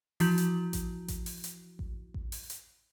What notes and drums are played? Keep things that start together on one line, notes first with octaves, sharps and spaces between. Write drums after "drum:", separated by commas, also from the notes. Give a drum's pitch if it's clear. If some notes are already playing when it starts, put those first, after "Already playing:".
E3 F3 E4 F#4 G6 F#7, drum: open hi-hat
drum: hi-hat
drum: kick A1, hi-hat
drum: kick A1, hi-hat
drum: open hi-hat
drum: hi-hat
drum: kick A1
drum: kick A1
drum: open hi-hat
drum: hi-hat